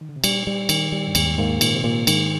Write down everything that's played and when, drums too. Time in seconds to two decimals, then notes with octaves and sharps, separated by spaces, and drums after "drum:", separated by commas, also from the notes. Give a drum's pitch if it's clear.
0.01 D#3
0.09 D3
0.16 C3
0.24 A#2 G3, drum: cymbal
0.47 G3
0.69 D#3, drum: cymbal
0.92 G3
1.07 G2
1.15 D#2 G#2, drum: cymbal
1.38 G#2 A#3
1.61 A#2 D#3, drum: cymbal
1.75 C3
1.84 A#2 A#3
2.07 G#2 D#3, drum: cymbal